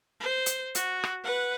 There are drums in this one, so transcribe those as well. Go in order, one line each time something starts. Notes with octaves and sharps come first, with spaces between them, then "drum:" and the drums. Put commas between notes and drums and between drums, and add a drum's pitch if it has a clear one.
C5
drum: hi-hat
F#4, drum: hi-hat
drum: rim click
B4 F#5